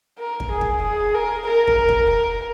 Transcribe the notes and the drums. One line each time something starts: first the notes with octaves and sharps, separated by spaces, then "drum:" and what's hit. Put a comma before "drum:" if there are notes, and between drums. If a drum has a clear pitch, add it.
A#4
drum: kick
G#4
drum: kick
G#4
A#4
A#4
drum: kick
drum: kick
A#4